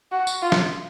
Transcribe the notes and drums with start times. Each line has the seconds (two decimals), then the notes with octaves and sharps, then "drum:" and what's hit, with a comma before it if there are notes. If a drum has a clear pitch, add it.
0.12 F#4
0.27 drum: tambourine
0.42 F4
0.52 drum: snare